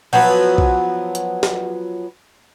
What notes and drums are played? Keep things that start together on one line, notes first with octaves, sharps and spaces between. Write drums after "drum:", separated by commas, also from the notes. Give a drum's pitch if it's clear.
F3 F#3 B3 B4, drum: cymbal
drum: kick
drum: hi-hat
drum: snare